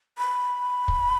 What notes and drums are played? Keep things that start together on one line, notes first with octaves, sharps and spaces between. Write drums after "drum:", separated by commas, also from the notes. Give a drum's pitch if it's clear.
B5
drum: kick